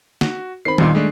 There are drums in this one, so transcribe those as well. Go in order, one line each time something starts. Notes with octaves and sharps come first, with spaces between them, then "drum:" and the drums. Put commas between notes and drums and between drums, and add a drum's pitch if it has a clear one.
F#4, drum: snare
D#3 C4 B5 C7
D#2 A#2 G3 D#4 C6, drum: tom D#3
G#3 A3 D4